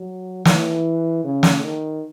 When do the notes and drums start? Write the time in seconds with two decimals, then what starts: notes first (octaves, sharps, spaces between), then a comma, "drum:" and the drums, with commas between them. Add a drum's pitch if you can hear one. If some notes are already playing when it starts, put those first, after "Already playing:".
Already playing: F#3
0.45 E3, drum: snare
1.24 C#3
1.43 drum: snare
1.63 D#3